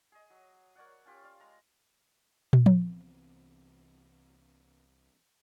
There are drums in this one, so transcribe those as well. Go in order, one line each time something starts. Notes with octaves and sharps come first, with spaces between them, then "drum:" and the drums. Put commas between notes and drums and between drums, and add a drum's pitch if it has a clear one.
G#4 D#5
F#3
A#4 C#5 D5 F#5
C#4 F4 G4
D5 F5
G#3 A#5
drum: tom
C2 E3 B3 C4, drum: tom F3